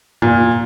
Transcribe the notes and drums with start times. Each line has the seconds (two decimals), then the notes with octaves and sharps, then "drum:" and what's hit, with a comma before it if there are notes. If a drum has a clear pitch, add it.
0.22 A#2, drum: tom G2